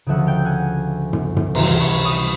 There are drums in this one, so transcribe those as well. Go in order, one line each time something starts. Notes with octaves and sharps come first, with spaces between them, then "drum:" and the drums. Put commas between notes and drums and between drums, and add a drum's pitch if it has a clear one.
D2 C#3 F3 E5 F#5
F5 G5
F#5 G#5
drum: tom
drum: tom
C#2 C3 E3 G3 A#5 C6, drum: cymbal
B5 C#6
C#6 D#6